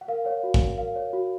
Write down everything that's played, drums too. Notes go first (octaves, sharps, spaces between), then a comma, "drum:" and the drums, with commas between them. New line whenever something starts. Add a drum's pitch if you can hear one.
F#5
A#4 F5
C#5 F#5
F5
F#4
F#5, drum: kick
F#4
A#4 F5
C#5
F#4